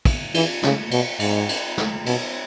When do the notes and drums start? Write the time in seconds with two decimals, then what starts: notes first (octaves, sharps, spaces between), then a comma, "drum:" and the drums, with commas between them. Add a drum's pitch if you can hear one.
0.05 drum: kick, cymbal
0.34 E3, drum: cymbal
0.63 C#3, drum: snare
0.91 B2, drum: cymbal
1.19 G#2, drum: cymbal
1.49 drum: cymbal
1.77 drum: snare
2.06 B2, drum: cymbal